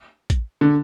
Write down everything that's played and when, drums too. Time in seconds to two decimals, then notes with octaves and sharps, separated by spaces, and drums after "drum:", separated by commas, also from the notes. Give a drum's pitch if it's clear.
0.30 drum: kick A1, hi-hat
0.61 D3